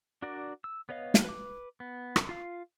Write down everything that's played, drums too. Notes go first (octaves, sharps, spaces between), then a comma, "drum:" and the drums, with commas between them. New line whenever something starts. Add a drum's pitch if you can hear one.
D4 F#4 A#4 D5
E6
B3 B4 C#5 D#5 F5
drum: snare
B4 D6
B3
drum: rim click
F4 F5